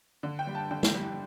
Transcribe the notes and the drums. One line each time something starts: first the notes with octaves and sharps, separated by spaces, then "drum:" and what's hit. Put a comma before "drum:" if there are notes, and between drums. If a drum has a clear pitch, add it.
D3
G5
G3
A5
D3 G5
drum: snare
G3